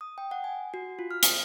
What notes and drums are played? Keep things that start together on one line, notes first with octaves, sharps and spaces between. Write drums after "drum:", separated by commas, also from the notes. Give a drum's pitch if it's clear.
D#6
G5
F#5
G#5
F#4
F4
F6
D#6, drum: hi-hat